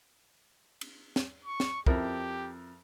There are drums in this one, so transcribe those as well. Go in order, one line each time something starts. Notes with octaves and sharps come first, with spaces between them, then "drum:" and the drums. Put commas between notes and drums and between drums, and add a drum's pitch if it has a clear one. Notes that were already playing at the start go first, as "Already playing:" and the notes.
drum: cymbal
drum: snare
C#6
drum: snare
F2 E4 G4 A#4, drum: kick